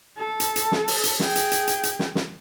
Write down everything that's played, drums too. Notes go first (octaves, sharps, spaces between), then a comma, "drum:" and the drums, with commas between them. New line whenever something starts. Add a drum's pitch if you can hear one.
A4
drum: hi-hat
drum: hi-hat
drum: snare
drum: open hi-hat
drum: hi-hat
G#4 G5, drum: snare
drum: hi-hat
drum: hi-hat
drum: hi-hat
drum: hi-hat
drum: snare
drum: snare